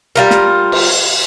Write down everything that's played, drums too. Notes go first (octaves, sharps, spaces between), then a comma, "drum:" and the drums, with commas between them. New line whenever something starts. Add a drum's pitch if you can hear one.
G3 F4 A#4
drum: snare
drum: cymbal